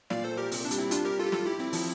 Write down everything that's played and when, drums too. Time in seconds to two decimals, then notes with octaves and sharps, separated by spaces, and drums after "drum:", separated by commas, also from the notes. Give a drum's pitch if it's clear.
0.10 A#2 D5 F5, drum: snare
0.24 A4 C5
0.37 G4 A#4
0.51 C3 C4, drum: open hi-hat
0.65 D4
0.71 G3, drum: hi-hat
0.79 C4 E4
0.91 D4 F4, drum: hi-hat
1.05 G4 A#4
1.19 F4 A4
1.26 G4
1.32 F4 A4, drum: snare
1.46 E4 G4
1.59 C4 E4
1.73 F3, drum: open hi-hat